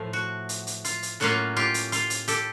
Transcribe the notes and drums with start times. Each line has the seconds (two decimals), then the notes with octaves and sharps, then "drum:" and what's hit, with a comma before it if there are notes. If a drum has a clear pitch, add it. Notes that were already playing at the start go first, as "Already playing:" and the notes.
Already playing: A2 F3 A3
0.13 F#4
0.49 drum: hi-hat
0.67 drum: hi-hat
0.85 F4, drum: hi-hat
1.03 drum: hi-hat
1.20 A2 F#3 A#3 C#4 F4 F#4
1.56 F4 G4
1.74 drum: hi-hat
1.92 F4, drum: hi-hat
2.10 drum: hi-hat
2.28 G4 A4, drum: hi-hat